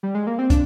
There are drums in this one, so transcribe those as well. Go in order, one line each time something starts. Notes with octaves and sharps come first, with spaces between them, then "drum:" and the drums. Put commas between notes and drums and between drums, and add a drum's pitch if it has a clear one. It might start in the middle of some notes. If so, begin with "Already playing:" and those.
G3
G#3
A#3
C4
D4, drum: kick, hi-hat